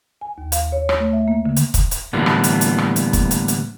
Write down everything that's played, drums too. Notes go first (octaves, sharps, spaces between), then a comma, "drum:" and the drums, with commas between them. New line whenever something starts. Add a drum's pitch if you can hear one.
G#5
D#2
F5, drum: hi-hat
C#5
C#5, drum: rim click
A3
E5
A#3
D3
drum: hi-hat
drum: kick, hi-hat
drum: hi-hat
A2 D3 E3 G3 A#3 B3
drum: rim click
drum: hi-hat
drum: hi-hat
drum: rim click
drum: hi-hat
drum: kick, hi-hat
drum: hi-hat
drum: hi-hat